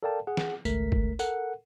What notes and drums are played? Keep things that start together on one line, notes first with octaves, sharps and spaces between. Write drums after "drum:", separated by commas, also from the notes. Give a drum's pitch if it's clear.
A4 A#4 D5 F5 G5 A5
G#4 F#5
drum: snare
G#1 C#2 A3 A#4 B6, drum: tambourine
drum: kick G1
A4 A#4 F#5, drum: tambourine